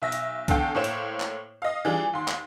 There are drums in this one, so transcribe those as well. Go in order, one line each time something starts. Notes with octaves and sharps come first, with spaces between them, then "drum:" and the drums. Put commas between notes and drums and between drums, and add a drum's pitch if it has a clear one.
B1 E5 A#6
drum: hi-hat
E2 D3 A4 F5 G5, drum: kick B1, hi-hat
A2 A#3 C5 C#5 E7
drum: hi-hat
drum: clap
D#5 F5
E3 G3 D4 F4 G#4
D#2 C6
drum: clap